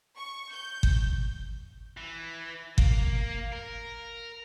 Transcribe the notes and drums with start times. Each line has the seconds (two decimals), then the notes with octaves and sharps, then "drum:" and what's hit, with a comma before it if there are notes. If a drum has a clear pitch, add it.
0.17 C#6
0.52 G6
0.83 drum: kick G1
1.97 E3
2.78 A#3, drum: kick G1
3.52 A#4